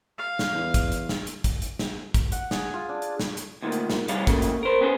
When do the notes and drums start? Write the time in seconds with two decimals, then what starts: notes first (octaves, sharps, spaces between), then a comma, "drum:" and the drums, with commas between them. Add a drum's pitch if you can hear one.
0.18 F5
0.39 drum: snare
0.52 E2
0.74 drum: kick, hi-hat
0.92 drum: hi-hat
1.09 drum: snare
1.27 drum: hi-hat
1.44 drum: kick, hi-hat
1.62 drum: hi-hat
1.79 drum: snare
2.14 drum: kick, hi-hat
2.32 F#5, drum: hi-hat
2.51 G#4, drum: snare
2.74 F4
2.89 D4
3.02 drum: hi-hat
3.20 drum: snare
3.37 drum: hi-hat
3.62 D2 A#2 D#3
3.72 drum: hi-hat
3.90 drum: snare
4.08 C3 G3 G#4 C#5 F5, drum: hi-hat
4.27 A#2 C#3 F#3 A3 A#3, drum: kick, hi-hat
4.42 drum: hi-hat
4.63 A#4 C5
4.80 B3 C#4 G#4 C5